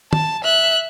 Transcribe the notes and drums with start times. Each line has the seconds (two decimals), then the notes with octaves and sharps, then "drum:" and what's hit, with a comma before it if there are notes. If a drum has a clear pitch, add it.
0.13 A5, drum: tom
0.44 E5 F#6